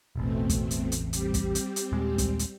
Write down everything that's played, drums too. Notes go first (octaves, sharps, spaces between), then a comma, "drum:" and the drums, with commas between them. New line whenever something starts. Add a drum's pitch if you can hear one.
E1 A1 B2 A3 C4
drum: kick, hi-hat
drum: hi-hat
drum: hi-hat
G3 C4 G4, drum: hi-hat
drum: kick, hi-hat
drum: hi-hat
drum: hi-hat
D#2 A#2 G#3
drum: kick, hi-hat
drum: hi-hat